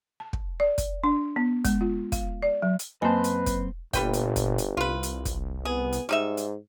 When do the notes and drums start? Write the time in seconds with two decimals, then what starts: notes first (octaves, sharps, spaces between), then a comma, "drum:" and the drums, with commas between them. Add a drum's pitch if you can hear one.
0.20 A5
0.33 drum: kick
0.60 D5
0.78 drum: kick, hi-hat
1.04 D4
1.36 B3
1.65 G#3, drum: kick, hi-hat
1.81 F4
2.12 F5, drum: kick, hi-hat
2.43 D5
2.62 F#3
2.79 drum: hi-hat
3.02 F#2 A#3 C4 B4 C5 D#5 G#5 A5
3.24 drum: hi-hat
3.46 drum: kick, hi-hat
3.93 G1 A#2 G3 B4 G5, drum: kick, hi-hat
4.14 drum: hi-hat
4.36 drum: kick, hi-hat
4.58 drum: hi-hat
4.77 C2 F4 B4
5.03 drum: hi-hat
5.25 drum: kick, hi-hat
5.65 B3 G#4
5.93 drum: hi-hat
6.09 G#2 G3 D#4 E5
6.37 drum: hi-hat